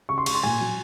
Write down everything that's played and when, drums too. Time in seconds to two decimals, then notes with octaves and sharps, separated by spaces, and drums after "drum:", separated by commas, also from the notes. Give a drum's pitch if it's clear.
0.09 C#3 C#6
0.18 C6
0.26 G#3 C#6, drum: cymbal
0.35 C6
0.43 A#2 G#5
0.61 F#3